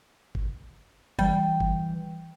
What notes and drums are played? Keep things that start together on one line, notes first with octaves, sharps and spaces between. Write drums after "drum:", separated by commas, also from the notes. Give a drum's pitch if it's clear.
drum: kick
E3 G3 G5, drum: kick
drum: kick